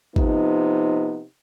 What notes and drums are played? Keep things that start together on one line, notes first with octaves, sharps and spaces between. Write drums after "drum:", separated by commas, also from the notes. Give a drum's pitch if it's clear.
C3 F3 B3 D#4, drum: kick G#1